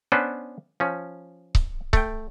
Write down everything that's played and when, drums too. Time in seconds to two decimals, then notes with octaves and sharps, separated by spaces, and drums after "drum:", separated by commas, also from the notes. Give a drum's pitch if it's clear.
0.12 B3 C#4 D4 B4 C5
0.80 F3 C#4
1.55 drum: kick C#1
1.93 A3 G5, drum: kick C#1